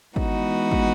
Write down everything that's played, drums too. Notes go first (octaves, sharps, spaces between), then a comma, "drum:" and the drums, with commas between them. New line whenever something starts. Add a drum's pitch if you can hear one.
E3 G#3 B3 D#4 F#4, drum: kick
drum: kick